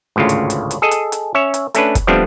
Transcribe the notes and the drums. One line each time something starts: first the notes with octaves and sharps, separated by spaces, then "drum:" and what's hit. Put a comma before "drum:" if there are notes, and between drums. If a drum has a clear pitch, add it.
G#1 D2 A2 C#3 F4
drum: hi-hat
drum: hi-hat
drum: hi-hat
G#4 A4 D#5
drum: hi-hat
drum: hi-hat
C#4 C#5 E5
drum: hi-hat
A3 C#4 D4 B4, drum: hi-hat
drum: kick, hi-hat
F3 G3 A3 B3 C4 D4